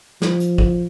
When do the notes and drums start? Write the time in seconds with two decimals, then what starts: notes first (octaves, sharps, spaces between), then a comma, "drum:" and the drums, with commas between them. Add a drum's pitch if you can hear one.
0.22 F3, drum: snare
0.40 drum: hi-hat
0.58 drum: kick